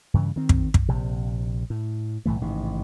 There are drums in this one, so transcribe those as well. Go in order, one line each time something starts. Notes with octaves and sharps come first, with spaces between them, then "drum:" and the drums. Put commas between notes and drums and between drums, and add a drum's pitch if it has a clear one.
G2 C#3 E3
D#3 C4
drum: kick
drum: kick
A#1 C3
A2
B1 A2 E3 A3
A1 G#2 C3 D#3